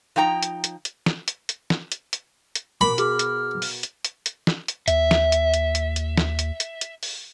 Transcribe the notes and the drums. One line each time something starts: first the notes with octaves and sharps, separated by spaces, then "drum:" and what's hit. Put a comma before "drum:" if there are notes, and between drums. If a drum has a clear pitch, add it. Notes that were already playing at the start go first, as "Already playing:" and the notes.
F3 D#4 G5 A#5
drum: hi-hat
drum: hi-hat
drum: hi-hat
drum: snare
drum: hi-hat
drum: hi-hat
drum: snare
drum: hi-hat
drum: hi-hat
drum: hi-hat
B2 A#4 B5 D6
F#4 G#4 D6 F6, drum: hi-hat
drum: hi-hat
drum: open hi-hat
drum: hi-hat
drum: hi-hat
drum: hi-hat
drum: snare
drum: hi-hat
D#2 E5, drum: hi-hat
drum: snare
drum: hi-hat
drum: hi-hat
drum: hi-hat
drum: hi-hat
drum: snare
drum: hi-hat
drum: hi-hat
drum: hi-hat
drum: open hi-hat